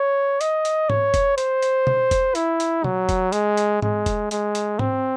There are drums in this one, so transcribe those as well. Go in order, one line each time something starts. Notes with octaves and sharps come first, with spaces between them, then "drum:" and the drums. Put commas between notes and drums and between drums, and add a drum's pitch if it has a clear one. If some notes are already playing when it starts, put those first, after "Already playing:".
Already playing: C#5
D#5, drum: hi-hat
drum: hi-hat
C#5, drum: tom G#2
drum: kick F1, hi-hat
C5, drum: hi-hat
drum: hi-hat
drum: tom B2
drum: kick F1, hi-hat
E4, drum: hi-hat
drum: hi-hat
F#3, drum: tom B2
drum: kick F1, hi-hat
G#3, drum: hi-hat
drum: hi-hat
G#3, drum: tom G#2
drum: kick F1, hi-hat
G#3, drum: hi-hat
drum: hi-hat
C4, drum: tom G#2